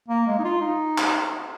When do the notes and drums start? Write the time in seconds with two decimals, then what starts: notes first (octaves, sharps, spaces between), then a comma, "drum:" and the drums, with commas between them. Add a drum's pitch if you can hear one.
0.08 A#3
0.27 G#3
0.39 D#4
0.44 F4
0.61 D#4
0.98 drum: clap